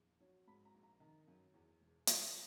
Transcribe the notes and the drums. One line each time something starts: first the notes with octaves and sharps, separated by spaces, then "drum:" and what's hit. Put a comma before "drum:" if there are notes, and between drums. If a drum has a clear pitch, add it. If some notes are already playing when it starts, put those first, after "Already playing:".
Already playing: A#1 E2
F#3 C#5
G#2 B5
A#5
A#1
A#5
D#3 A#5
F#2
E2
E1
E2, drum: hi-hat